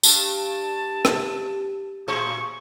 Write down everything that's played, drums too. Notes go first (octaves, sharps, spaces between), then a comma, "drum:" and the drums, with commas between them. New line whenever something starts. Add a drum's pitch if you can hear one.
G2 A5, drum: tambourine
drum: rim click
A2 G#4 C5 C#6